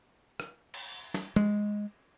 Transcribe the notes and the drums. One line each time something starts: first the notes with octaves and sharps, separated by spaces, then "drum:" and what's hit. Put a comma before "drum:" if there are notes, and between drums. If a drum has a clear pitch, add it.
drum: rim click
drum: cymbal
drum: snare
G#3, drum: tom F3